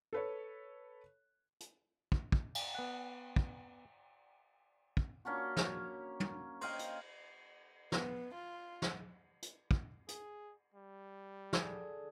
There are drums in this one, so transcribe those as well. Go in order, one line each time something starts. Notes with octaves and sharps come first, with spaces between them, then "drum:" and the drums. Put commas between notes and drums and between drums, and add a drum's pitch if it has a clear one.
A4 B4 C#5
drum: hi-hat
drum: kick
drum: kick
drum: cymbal
B3 F#5
drum: kick
drum: kick
A#3 C#4 D4 F#4
drum: snare
C#5
drum: tom
C5 D#5 F5 G5, drum: cymbal
drum: hi-hat
B3, drum: snare
F4
drum: snare
drum: hi-hat
drum: kick
G#4, drum: hi-hat
G3
D3 G#4, drum: snare